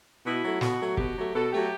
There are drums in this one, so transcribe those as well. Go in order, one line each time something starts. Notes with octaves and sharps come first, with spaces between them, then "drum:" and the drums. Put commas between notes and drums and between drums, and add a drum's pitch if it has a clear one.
B2 E4
F#3 A3
B2 F#4, drum: snare
F#3 A3
B2 G4, drum: kick
F#3 A3
B2 A4
F#3 A3 G4